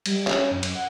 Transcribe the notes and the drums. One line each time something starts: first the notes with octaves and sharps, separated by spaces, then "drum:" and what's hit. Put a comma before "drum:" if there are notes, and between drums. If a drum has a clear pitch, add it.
G3, drum: cymbal
C#4, drum: clap
F#2
drum: cymbal
F#5